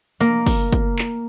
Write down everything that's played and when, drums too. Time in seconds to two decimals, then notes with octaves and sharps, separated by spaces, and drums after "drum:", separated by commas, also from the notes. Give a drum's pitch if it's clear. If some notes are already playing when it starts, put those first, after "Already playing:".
0.20 A#3, drum: hi-hat
0.46 drum: kick, open hi-hat
0.73 drum: kick, hi-hat
0.99 drum: clap